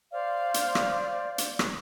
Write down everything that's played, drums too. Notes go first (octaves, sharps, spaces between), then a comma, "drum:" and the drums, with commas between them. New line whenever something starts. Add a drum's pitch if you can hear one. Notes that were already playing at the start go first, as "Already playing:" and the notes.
C5 D5 F5
drum: hi-hat
drum: rim click
drum: hi-hat
drum: rim click